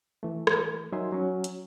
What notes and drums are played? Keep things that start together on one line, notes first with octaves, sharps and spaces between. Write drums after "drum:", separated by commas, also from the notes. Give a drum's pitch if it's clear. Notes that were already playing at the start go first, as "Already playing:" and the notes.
E3 A3
drum: rim click
F#3 D#4 A#4 E5 G#5 C6
F#3 C#4
drum: hi-hat